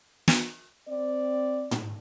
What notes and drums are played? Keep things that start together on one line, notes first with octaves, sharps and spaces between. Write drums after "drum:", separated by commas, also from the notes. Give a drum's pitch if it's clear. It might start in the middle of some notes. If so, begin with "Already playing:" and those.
drum: snare
C4 D5
drum: tom